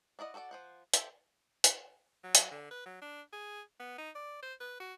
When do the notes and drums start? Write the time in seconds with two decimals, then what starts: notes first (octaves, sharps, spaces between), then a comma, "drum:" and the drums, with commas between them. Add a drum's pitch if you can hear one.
0.19 D4 E4 D5 D#5 F#5
0.34 F#4 A4 B4 D5 F#5
0.51 F3 C5 F#5
0.94 G4 A4 C5 E5, drum: hi-hat
1.64 drum: hi-hat
2.24 F#3
2.35 drum: hi-hat
2.51 D3
2.71 B4
2.86 F#3
3.02 D4
3.33 G#4
3.80 B3
3.98 D#4
4.15 D5
4.43 C5
4.60 B4
4.80 F#4